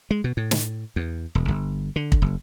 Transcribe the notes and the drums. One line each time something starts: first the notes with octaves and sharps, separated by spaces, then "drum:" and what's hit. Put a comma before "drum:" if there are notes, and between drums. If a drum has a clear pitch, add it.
G#3
B2
A2
drum: snare
E2
E1
G1
D3
drum: kick
F#1